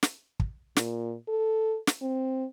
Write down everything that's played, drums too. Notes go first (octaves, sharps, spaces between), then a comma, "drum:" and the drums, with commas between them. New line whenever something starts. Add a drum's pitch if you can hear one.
drum: snare
drum: kick
A#2, drum: snare
A4
drum: snare
C4